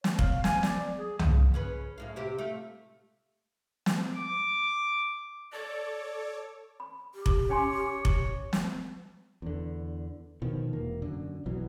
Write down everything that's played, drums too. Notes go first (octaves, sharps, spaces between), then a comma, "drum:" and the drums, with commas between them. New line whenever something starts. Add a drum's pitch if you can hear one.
C#5, drum: snare
F5, drum: kick F1
G#5, drum: snare
D5, drum: snare
G#4
A#3, drum: tom
C#4 G#4 B4
F#2 A2 F5
C3 C4 G4
A3 F4
drum: snare
D6
A4 C#5 D5 D6
B5
G4
drum: kick F1
C#4 C#5 G#5 C6
drum: kick F1
drum: snare
E2 D3
B2 D#3 F3
E1 A#3
F#2 D3
B1 B2 E3 F#3